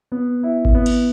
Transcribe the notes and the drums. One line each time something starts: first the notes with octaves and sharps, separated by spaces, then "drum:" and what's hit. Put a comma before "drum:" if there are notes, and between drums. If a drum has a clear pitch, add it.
B3
E4
drum: kick G#1
B3
drum: cymbal